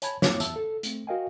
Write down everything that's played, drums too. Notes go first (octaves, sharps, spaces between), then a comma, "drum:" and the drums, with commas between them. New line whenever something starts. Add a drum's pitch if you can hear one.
C#5 G#5 A5 B5 G#6, drum: hi-hat
A#3 C4 E4 C#5 D6, drum: snare
E2 E3 B3 E5 A5 E6, drum: hi-hat
A4
A3 C4, drum: hi-hat
F#4 A#4 D#5 F5 G5 G#5